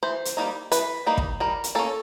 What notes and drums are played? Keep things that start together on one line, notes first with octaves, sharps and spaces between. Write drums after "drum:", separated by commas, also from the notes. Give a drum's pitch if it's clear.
E3 C5
drum: hi-hat
G3 A#3 D#4
E3 B4, drum: hi-hat
G3 A#3 D#4
drum: kick
G3 A#4
drum: hi-hat
A#3 C#4 A4